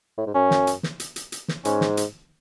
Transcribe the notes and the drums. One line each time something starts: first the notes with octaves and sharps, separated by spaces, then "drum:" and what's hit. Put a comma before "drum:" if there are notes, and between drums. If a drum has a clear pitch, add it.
A2
G#2
F#2 C#4
drum: snare
drum: hi-hat
drum: snare
drum: hi-hat
drum: hi-hat
drum: hi-hat
drum: snare
G#2 C#4, drum: hi-hat
drum: snare
drum: hi-hat